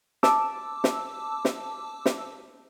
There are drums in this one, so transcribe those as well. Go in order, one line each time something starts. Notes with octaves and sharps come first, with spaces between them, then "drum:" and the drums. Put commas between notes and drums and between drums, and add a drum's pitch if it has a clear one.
A5 D6 E6, drum: snare
drum: snare
drum: snare
drum: snare